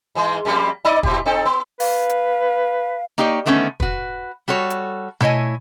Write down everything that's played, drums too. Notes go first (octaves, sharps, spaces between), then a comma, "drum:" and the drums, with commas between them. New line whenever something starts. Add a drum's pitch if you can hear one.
G#2 E3 G#3
F2 G3 A#3
D#4 D5 D#5
A#2 E4 G4, drum: kick
C4 D#4 A4
B3
B4 F5, drum: open hi-hat
drum: hi-hat
A#3 D#4 G4 C#5 D5
D3 D#3 A3 B3 C#4
F#4 B4, drum: kick
G3 F#4 A4 C#5
drum: hi-hat
A3 E4 C#5 D#5 G#5, drum: tom B2